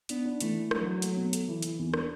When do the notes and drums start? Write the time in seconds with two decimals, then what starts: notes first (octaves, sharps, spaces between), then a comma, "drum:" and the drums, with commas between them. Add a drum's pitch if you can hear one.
0.09 B3 D4, drum: hi-hat
0.25 D4
0.40 E3 A3, drum: hi-hat
0.56 E3
0.71 F#3 D4, drum: rim click
0.86 F#4
1.02 A3, drum: hi-hat
1.16 B2
1.33 A4, drum: hi-hat
1.48 E3
1.63 E3, drum: hi-hat
1.79 E2
1.94 D4, drum: rim click